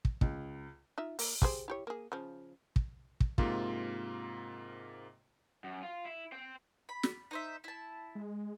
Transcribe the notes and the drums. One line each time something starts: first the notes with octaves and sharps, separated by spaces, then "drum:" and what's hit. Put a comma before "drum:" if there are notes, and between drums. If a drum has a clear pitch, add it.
drum: kick
C#2, drum: kick
D#4 F4 E5
A#3, drum: open hi-hat
G4 G#4 C5, drum: kick
E4 G4 C#5
A#3 G#4
C#3 F3
drum: kick
drum: kick
G#2 C3 A#3 F4, drum: kick
F#2
F4
E4
C5 G5
B5
drum: snare
D#4 C5 E5
E4 A5
G#3